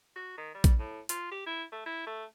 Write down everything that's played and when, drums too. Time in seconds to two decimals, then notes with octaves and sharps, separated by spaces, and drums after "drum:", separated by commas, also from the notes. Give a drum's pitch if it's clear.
0.16 F#4
0.37 D#3
0.54 G3
0.64 drum: kick A#1, hi-hat
0.79 A2
1.09 F4, drum: hi-hat
1.31 G4
1.46 E4
1.72 A3
1.86 E4
2.07 A3